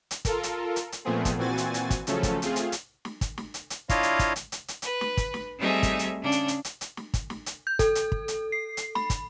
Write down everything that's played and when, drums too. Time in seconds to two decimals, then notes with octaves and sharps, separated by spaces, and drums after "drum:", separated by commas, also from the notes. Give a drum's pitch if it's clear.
0.11 drum: hi-hat
0.25 F4 A4 A#4, drum: kick, hi-hat
0.43 drum: hi-hat
0.76 drum: hi-hat
0.92 drum: hi-hat
1.04 A#2 F3 A3 B3 C4 G#4
1.25 drum: kick, hi-hat
1.38 A#2 E3 C4 F#4 G#5 A6
1.58 drum: hi-hat
1.74 drum: hi-hat
1.90 drum: kick, hi-hat
2.07 C#3 F3 F#3 A3 C#4 A4, drum: hi-hat
2.23 drum: kick, hi-hat
2.42 A3 C4 F4 G#4 F5, drum: hi-hat
2.56 drum: hi-hat
2.72 drum: hi-hat
3.05 drum: snare
3.21 drum: kick, hi-hat
3.38 drum: snare
3.54 drum: hi-hat
3.70 drum: hi-hat
3.89 D4 E4 F4 C#5 D#5 F5, drum: kick, hi-hat
4.03 drum: hi-hat
4.19 drum: kick, hi-hat
4.36 drum: hi-hat
4.52 drum: hi-hat
4.68 drum: hi-hat
4.82 B4, drum: hi-hat
5.01 drum: snare
5.17 drum: kick, hi-hat
5.34 drum: snare
5.59 G3 A3 C4 D#4 G#4 E5
5.83 drum: kick, hi-hat
5.99 drum: hi-hat
6.22 C#3 D4
6.32 drum: hi-hat
6.48 drum: hi-hat
6.65 drum: hi-hat
6.81 drum: hi-hat
6.97 drum: snare
7.14 drum: kick, hi-hat
7.30 drum: snare
7.46 drum: hi-hat
7.67 G6
7.79 A4, drum: kick, hi-hat
7.95 drum: hi-hat
8.12 drum: kick
8.28 drum: hi-hat
8.52 C7
8.77 drum: hi-hat
8.95 B5, drum: snare
9.10 drum: kick, hi-hat